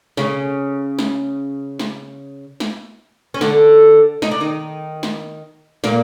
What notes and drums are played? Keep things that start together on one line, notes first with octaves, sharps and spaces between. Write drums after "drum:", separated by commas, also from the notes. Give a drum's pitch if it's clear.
C#3 C#4, drum: snare
drum: snare
drum: snare
drum: snare
C#4
D3 D4, drum: snare
D#4, drum: snare
D4
D#3 D#4
drum: snare
A#2 A#3, drum: snare